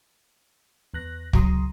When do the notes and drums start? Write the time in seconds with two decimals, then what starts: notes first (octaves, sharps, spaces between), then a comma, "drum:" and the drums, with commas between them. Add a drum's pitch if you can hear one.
0.94 E2 F#6 A#6
1.33 C#2 F#3 A#5 C6 D#6, drum: kick